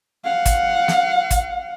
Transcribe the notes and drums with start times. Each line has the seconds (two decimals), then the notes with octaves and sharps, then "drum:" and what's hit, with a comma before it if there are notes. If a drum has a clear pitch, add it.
0.24 F5 F#5
0.46 drum: kick, hi-hat
0.88 drum: snare
1.31 drum: kick, hi-hat